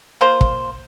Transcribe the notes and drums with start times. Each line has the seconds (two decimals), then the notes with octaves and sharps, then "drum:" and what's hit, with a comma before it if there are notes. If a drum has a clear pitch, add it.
0.21 A#3 F4 A#4 C5
0.41 drum: kick